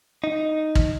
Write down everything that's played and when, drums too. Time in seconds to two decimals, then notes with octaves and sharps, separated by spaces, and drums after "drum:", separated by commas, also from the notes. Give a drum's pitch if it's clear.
0.24 D#4
0.75 drum: kick